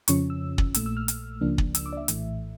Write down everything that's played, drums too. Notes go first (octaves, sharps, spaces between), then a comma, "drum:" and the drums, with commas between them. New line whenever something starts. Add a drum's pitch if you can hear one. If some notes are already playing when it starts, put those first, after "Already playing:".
F2 C#3 F3 C#4 C#6, drum: hi-hat
E6
drum: kick
A#1 A#2 A3 E6, drum: hi-hat
E6
F6
drum: hi-hat
C#2 C#3 F3 A#3 D4
drum: kick
E6, drum: hi-hat
D6
D5
E5
A#1 A2 E3 A3, drum: hi-hat